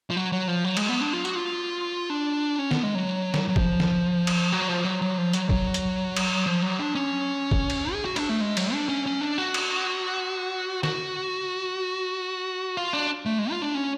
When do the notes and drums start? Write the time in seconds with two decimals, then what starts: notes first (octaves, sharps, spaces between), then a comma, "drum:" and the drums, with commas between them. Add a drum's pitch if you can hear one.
0.10 F3
0.17 F#3
0.32 F#3
0.48 F3
0.64 F#3
0.77 G#3, drum: cymbal
0.89 B3
1.01 D4
1.13 F4
1.25 F#4, drum: tambourine
1.35 F4
2.10 D4
2.59 C#4
2.71 B3, drum: snare
2.83 G#3
2.95 F#3
3.34 drum: snare
3.48 F#3
3.56 F3, drum: kick
3.80 drum: snare
4.27 drum: cymbal
4.52 F#3
4.69 F3
4.84 F#3
5.02 F#3
5.18 F3
5.33 F#3, drum: hi-hat
5.49 F#3, drum: kick
5.74 drum: hi-hat
6.16 drum: cymbal
6.47 F3
6.62 F#3
6.79 D4
6.95 C#4
7.51 drum: kick
7.70 drum: cymbal
7.93 G#4
8.05 F#4
8.16 D4, drum: cymbal
8.29 A3
8.41 G#3
8.57 F#3, drum: cymbal
8.73 D4
8.89 C#4
9.06 C#4
9.21 D4
9.38 F#4
9.54 drum: cymbal
10.83 F#4, drum: snare
12.77 F4
12.93 D4
13.26 A3
13.38 G#3
13.51 F4
13.62 D4
13.75 C#4